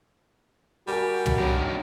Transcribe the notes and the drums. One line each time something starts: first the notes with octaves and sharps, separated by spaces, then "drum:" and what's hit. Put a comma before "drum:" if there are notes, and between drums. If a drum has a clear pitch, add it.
G3 F#4 A#4 G#5
drum: tom
G2 D#3 F#3